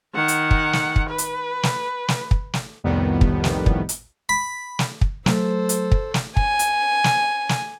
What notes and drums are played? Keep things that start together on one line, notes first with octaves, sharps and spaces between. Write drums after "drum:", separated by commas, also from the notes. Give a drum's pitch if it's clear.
D#3 F#5
drum: hi-hat
drum: kick
drum: snare
drum: kick
B4
drum: hi-hat
drum: snare
drum: snare
drum: kick
drum: snare
C2 F2 A2 D#3 G3 B3
drum: kick
drum: snare
drum: kick
drum: hi-hat
B5
drum: snare
drum: kick
F#3 A3 A4 C5, drum: snare
drum: hi-hat
drum: kick
drum: snare
G#5, drum: kick
drum: hi-hat
drum: snare
drum: snare